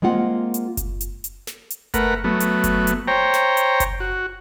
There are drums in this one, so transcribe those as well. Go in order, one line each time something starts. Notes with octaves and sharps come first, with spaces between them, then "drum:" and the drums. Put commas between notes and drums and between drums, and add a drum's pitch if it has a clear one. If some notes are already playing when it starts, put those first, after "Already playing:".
G#3 A#3 C4 F4 F#5
drum: hi-hat
drum: kick F#1, hi-hat
drum: hi-hat
drum: hi-hat
drum: snare
drum: hi-hat
A3 A#4 B4 F#5, drum: kick F#1, hi-hat
F#3 A3 B3
drum: hi-hat
drum: kick F#1, hi-hat
drum: hi-hat
C5 C#5 G5 A#5
drum: snare
drum: hi-hat
drum: kick F#1, hi-hat
F#4